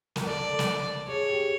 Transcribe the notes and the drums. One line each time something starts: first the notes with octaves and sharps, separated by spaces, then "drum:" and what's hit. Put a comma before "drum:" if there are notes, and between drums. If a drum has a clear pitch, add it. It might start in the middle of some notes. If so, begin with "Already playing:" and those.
A#4, drum: snare
A4 D5
drum: snare
G#4 C#5
G4